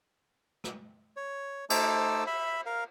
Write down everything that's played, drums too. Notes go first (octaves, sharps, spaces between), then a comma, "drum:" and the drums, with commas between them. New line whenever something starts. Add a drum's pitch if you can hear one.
drum: rim click
C#5
A3 D#4 C5 A5 D6 E6, drum: cymbal
E5 B5
A#4 F5